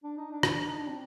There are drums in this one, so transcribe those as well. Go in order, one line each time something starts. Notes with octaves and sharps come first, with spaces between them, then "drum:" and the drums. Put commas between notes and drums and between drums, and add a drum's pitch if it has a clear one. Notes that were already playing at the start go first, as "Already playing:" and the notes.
D4
D#4
D4
drum: rim click
D#4
D4
C4